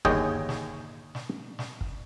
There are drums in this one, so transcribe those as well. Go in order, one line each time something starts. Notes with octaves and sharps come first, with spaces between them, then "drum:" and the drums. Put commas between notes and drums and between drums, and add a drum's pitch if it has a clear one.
G1 D#2 G#4 C#5 D#5 G5, drum: kick
drum: snare
drum: snare
drum: snare
drum: kick